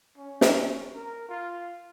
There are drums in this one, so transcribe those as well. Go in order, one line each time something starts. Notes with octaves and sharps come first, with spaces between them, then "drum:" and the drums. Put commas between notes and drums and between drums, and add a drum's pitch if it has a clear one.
C#4
drum: snare
A#4
F4